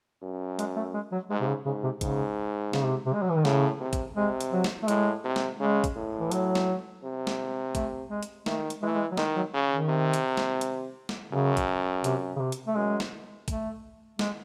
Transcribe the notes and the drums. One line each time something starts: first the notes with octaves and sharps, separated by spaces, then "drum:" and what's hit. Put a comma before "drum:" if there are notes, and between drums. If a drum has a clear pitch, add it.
F#2
G#3, drum: hi-hat
A3
G#3
F#3
G#2 G#3
C3
C#3
G#2 C#3
C3
G#2 C#3, drum: kick, hi-hat
C#3, drum: snare
C3
C3
G#3
F#3
E3
D#3
A2 C#3, drum: snare
C3
drum: kick, hi-hat
C3 G#3
drum: hi-hat
F#3
drum: snare
A3
A2 G#3, drum: hi-hat
C3
drum: snare
C#3 G#3
drum: kick, hi-hat
A2
E3
F#3, drum: hi-hat
drum: snare
C3
drum: snare
A3, drum: kick, hi-hat
G#3
drum: hi-hat
D#3 A3, drum: snare
drum: hi-hat
E3 G#3
A3
G#3
F#3
D#3 G#3, drum: snare
F#3
C#3
D#3
C3
drum: hi-hat
drum: snare
drum: hi-hat
drum: snare
F#2 C#3
drum: kick, hi-hat
C3, drum: hi-hat
C#3
C3
drum: hi-hat
A3
F#2 G#3
drum: snare
A3, drum: kick, hi-hat
G#3, drum: snare